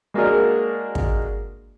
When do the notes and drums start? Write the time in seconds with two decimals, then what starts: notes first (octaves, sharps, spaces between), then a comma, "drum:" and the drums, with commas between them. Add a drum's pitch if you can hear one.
0.14 G#3 A#3 D4 F#4 G#4 A#4
0.95 drum: kick